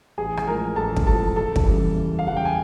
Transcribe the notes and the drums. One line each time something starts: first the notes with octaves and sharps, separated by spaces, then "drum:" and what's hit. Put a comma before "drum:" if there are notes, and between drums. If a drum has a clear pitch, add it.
A1 G#4 G#5
drum: rim click
A2 F3 G#3 A#4 A#5
A1 A4 A5
drum: kick
A2 F3 G#3 A4 A5
F#1 A4 A5
drum: kick
E2 C#3 E3 G3
F#1
F5
E2 C#3 E3 G3 F#5
G5
G#5